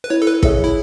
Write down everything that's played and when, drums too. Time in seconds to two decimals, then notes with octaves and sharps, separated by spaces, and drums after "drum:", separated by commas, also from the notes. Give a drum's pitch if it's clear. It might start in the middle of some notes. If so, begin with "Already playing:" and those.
0.04 B4
0.10 E4 C#5
0.22 A4
0.27 B4
0.43 G#4 A4 C#5 E5, drum: kick
0.64 E4